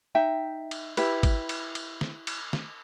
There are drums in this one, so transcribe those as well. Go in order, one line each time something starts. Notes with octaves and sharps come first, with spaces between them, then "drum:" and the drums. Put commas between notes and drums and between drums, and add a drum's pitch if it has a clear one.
D#4 E5 G5
drum: cymbal
E4 G4 B4, drum: cymbal
drum: kick G#1, cymbal
drum: cymbal
drum: cymbal
drum: snare
drum: cymbal
drum: snare